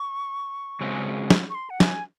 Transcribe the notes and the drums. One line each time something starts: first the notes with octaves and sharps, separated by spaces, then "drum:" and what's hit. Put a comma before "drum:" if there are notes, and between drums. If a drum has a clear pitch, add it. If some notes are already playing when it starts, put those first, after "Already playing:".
Already playing: C#6
C#3 G#3 C4 F#4
drum: snare
C#6
C6
F#5
G#5, drum: snare